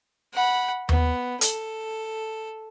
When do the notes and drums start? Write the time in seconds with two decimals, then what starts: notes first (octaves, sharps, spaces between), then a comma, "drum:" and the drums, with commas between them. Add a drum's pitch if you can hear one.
0.34 F#5 B5
0.89 B3, drum: tom D#2
1.41 A4, drum: hi-hat